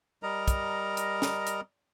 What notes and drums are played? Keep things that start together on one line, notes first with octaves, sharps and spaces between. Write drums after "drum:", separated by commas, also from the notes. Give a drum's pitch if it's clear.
G3 A#4 D#5 A#5
drum: kick, hi-hat
drum: hi-hat
drum: snare
drum: hi-hat